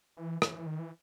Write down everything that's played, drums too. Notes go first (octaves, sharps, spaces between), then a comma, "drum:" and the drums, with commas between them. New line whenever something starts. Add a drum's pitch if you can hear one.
E3
E3, drum: rim click
D#3
E3